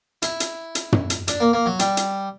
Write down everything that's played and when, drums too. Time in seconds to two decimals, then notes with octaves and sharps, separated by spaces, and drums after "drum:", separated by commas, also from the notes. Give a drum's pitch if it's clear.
0.22 E4, drum: hi-hat
0.40 drum: hi-hat
0.75 drum: hi-hat
0.92 drum: tom
1.10 drum: hi-hat
1.28 D4, drum: hi-hat
1.40 A#3
1.53 A#3
1.66 F#3
1.79 G3, drum: hi-hat
1.97 drum: hi-hat